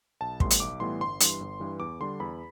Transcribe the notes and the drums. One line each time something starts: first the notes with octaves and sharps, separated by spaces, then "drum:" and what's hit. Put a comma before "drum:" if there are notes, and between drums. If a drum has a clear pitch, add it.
B1 A5
A2 E3 G3 B3 C6, drum: kick
drum: hi-hat
B1 D6
A2 E3 G3 B3 C6
G1 C6
G2 E3, drum: hi-hat
G1
G2 E3
E2 D6
D3 G3 D4 C6
E2 B5